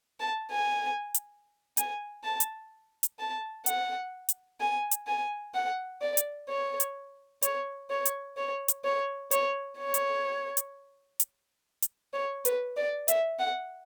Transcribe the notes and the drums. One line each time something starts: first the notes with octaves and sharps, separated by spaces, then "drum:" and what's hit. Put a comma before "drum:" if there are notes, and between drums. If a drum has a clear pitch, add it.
A5
G#5
drum: hi-hat
G#5, drum: hi-hat
A5
drum: hi-hat
drum: hi-hat
A5
F#5, drum: hi-hat
drum: hi-hat
G#5
drum: hi-hat
G#5
F#5
D5
drum: hi-hat
C#5
drum: hi-hat
C#5, drum: hi-hat
C#5
drum: hi-hat
C#5
drum: hi-hat
C#5
C#5, drum: hi-hat
C#5
drum: hi-hat
drum: hi-hat
drum: hi-hat
drum: hi-hat
C#5
B4, drum: hi-hat
D5
E5, drum: hi-hat
F#5